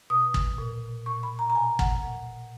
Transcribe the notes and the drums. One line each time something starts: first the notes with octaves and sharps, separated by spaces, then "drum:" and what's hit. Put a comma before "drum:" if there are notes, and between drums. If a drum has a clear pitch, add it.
B2 D#6
drum: kick
A#2
A#2 C#6
B5
A#5
A#5
B2 G#5
F#5, drum: kick
A#2